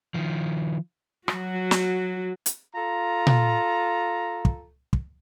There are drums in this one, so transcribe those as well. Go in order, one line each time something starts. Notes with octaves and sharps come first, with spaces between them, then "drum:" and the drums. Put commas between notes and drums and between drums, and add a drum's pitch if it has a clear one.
D#3 F3
F#3 F#4, drum: rim click
drum: snare
drum: hi-hat
F4 A4 A#5
drum: tom A#2
drum: kick
drum: kick